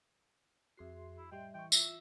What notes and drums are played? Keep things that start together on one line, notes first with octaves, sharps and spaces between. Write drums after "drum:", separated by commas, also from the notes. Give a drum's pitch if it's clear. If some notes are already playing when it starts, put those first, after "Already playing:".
F2 F#4 G#4 E5 C6 C7
E4
A2 G3 D#5 E5 G5 C6
E3 G5 C#6
F4 E5, drum: tambourine